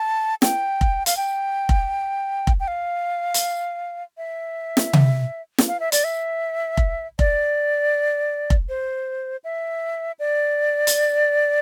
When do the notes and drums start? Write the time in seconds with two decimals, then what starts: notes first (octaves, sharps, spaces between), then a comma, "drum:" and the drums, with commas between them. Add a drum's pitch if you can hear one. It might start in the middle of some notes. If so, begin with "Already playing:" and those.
Already playing: A5
0.42 G5, drum: snare
0.81 drum: kick F1
1.06 F5, drum: hi-hat
1.17 G5
1.69 drum: kick F1
2.47 drum: kick F1
2.60 G5
2.68 F5
3.34 drum: hi-hat
4.18 E5
4.77 drum: snare
4.93 drum: tom C3
5.58 drum: snare
5.68 F5
5.80 E5
5.92 D5, drum: hi-hat
6.04 E5
6.77 drum: kick F1
7.19 D5, drum: kick F1
8.50 drum: kick F1
8.69 C5
9.44 E5
10.19 D5
10.87 drum: hi-hat